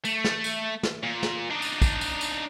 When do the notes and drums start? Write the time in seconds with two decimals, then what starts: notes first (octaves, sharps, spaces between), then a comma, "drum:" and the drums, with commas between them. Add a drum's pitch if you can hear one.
0.05 A3, drum: tambourine
0.24 drum: snare
0.44 drum: tambourine
0.83 drum: snare
1.03 A#2
1.23 drum: snare
1.50 D4 D#4
1.62 drum: tambourine
1.82 drum: kick, tambourine
2.01 drum: tambourine
2.21 drum: tambourine